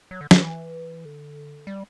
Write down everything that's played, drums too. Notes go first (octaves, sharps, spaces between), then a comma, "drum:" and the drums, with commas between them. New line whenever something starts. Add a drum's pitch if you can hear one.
F#3
D3
D3, drum: snare
E3
D3
G3